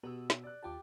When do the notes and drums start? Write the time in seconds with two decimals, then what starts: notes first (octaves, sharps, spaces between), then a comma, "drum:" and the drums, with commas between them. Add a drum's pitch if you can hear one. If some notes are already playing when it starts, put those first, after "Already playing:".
0.03 B2 B3 G4 E6
0.30 drum: snare
0.44 D5 F#6
0.63 D#2 F4 G4 G5 A5 D6